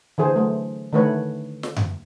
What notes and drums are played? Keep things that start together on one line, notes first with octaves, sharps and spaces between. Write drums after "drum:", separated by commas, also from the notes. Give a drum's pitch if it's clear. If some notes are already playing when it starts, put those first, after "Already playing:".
D3 E3 G#4 C5
F#3 A3
D3 D#3 A3 B4 C#5
drum: snare
drum: tom F#2